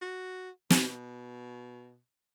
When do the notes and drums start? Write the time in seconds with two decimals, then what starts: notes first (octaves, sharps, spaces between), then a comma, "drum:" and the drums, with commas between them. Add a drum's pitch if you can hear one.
0.02 F#4
0.70 B2, drum: snare